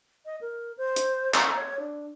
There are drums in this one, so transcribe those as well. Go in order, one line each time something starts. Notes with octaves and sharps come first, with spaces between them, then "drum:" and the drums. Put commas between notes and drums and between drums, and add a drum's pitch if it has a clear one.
D#5
A#4
C5
drum: hi-hat
A#5, drum: clap
C#5
D4